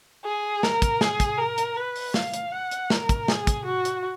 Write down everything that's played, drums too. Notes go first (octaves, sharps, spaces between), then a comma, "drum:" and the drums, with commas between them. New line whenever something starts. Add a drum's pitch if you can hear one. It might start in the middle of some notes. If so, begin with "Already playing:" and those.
G#4
A#4, drum: snare
drum: kick, hi-hat
G#4, drum: snare
drum: kick, hi-hat
A#4
drum: hi-hat
B4
drum: open hi-hat
F5, drum: snare
drum: hi-hat
F#5
drum: hi-hat
A#4, drum: snare
drum: kick, hi-hat
G#4, drum: snare
drum: kick, hi-hat
F#4
drum: hi-hat